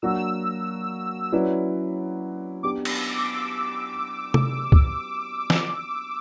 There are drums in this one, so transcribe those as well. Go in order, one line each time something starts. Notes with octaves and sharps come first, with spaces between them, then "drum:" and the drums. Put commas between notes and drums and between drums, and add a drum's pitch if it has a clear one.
F#3 A#3 D4 F#4 E6
F#3 C#4 E4 B4 D5
B3 D4 G4 D6
E6, drum: cymbal
D6
D6
E6
drum: tom C3
drum: kick
drum: snare